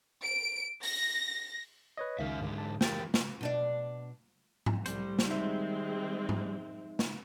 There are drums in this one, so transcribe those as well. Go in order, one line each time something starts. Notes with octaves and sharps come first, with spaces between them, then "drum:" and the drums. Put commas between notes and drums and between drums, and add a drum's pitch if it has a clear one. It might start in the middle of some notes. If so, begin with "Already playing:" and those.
D7
A#6, drum: open hi-hat
B4 C#5 D#5
C#2 D#3 C#4 A#4 E5 F5
G#2 D3 G#3
A5
E3 G4 A#4 G5 A6, drum: snare
drum: snare
B2 D4 D5
drum: tom G#2
C2 G3 A3 C5, drum: hi-hat
drum: snare
D#3 G#3 C4 D#4 E5
drum: tom G#2
drum: snare